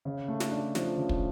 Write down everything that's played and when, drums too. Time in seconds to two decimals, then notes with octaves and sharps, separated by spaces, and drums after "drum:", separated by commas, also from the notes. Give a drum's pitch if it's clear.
0.05 C#3
0.28 A3
0.40 drum: snare
0.51 D4
0.75 F3, drum: snare
0.97 C#3
1.09 drum: kick